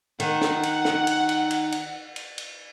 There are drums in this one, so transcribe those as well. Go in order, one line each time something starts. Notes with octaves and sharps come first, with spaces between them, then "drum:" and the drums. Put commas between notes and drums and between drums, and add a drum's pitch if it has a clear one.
D#3 F#5, drum: cymbal
drum: snare
drum: cymbal
drum: snare
drum: cymbal
drum: cymbal
drum: cymbal
drum: cymbal
drum: cymbal
drum: cymbal